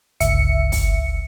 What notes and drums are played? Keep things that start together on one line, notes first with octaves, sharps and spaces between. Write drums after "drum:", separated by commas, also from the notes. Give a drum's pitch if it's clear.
G1 C#2 E5 C#7, drum: hi-hat
drum: kick, open hi-hat